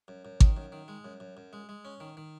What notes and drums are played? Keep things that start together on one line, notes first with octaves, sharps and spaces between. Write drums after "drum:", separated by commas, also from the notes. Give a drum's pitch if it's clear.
F#2
F#2
D#3, drum: kick G#1
F#2
D#3
G#3
F#2
F#2
F#2
G#3
G#3
C#4
D#3
D#3